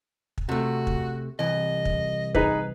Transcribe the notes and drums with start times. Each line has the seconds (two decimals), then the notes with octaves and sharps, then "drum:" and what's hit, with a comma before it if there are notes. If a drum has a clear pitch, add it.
0.38 drum: kick
0.49 C3 A3 F#4
0.87 drum: kick
1.39 C2 E3 D#5
1.85 drum: kick
2.35 D#4 G#4 B4, drum: kick